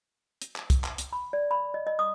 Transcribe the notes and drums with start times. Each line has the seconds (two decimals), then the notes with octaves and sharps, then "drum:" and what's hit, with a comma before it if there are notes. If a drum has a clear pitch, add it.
0.42 drum: hi-hat
0.56 drum: clap
0.70 drum: kick, hi-hat
0.84 drum: clap
0.98 drum: hi-hat
1.13 B5
1.33 D5
1.51 B5
1.74 D#5
1.87 D#5
1.99 D#6